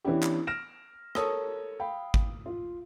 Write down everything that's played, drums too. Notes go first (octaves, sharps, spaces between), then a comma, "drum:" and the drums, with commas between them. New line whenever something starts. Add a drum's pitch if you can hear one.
E3 B3 C#4 D4 E4 G4
drum: clap
F6 A#6 D7 E7
A4 A#4 C#5 A5 D#6 E6, drum: rim click
F5 G5 B5
drum: kick G#1
F4